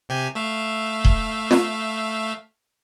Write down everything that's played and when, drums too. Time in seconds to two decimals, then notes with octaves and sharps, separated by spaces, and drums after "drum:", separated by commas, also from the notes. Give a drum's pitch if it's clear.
0.09 C3 G4 G#5
0.35 A3 E5 F5
1.04 drum: kick D#1
1.51 drum: snare